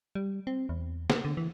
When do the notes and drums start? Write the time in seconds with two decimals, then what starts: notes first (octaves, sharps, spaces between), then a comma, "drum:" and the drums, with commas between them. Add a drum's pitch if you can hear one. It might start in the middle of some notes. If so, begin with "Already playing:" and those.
0.15 G3
0.47 C4
0.69 E2
1.10 A#3, drum: snare
1.25 D3
1.37 E3